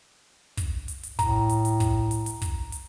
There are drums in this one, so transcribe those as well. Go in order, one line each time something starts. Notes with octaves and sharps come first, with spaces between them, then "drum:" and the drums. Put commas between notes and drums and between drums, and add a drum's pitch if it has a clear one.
drum: kick, hi-hat
drum: hi-hat
drum: hi-hat
A2 A#5, drum: kick, hi-hat
drum: hi-hat
drum: hi-hat
drum: kick, hi-hat
drum: hi-hat
drum: hi-hat
drum: kick, hi-hat
drum: hi-hat